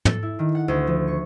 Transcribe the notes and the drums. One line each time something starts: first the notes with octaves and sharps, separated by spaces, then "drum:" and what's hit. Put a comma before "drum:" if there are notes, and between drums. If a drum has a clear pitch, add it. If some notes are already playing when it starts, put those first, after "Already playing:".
A4, drum: tom
E4
D#3
F#5
D2
F3
C#6